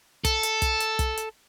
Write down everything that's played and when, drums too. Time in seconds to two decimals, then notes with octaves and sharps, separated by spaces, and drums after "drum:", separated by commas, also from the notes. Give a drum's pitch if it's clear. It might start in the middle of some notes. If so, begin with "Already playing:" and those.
0.25 A4, drum: kick, hi-hat
0.43 drum: hi-hat
0.62 drum: kick, hi-hat
0.80 drum: hi-hat
0.99 drum: kick, hi-hat
1.18 drum: hi-hat